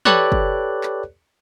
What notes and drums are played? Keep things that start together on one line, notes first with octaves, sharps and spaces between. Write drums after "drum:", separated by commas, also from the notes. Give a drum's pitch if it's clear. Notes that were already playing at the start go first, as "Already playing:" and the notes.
G4 A4 B4 C#5 D5 F#6, drum: tom
drum: kick
drum: clap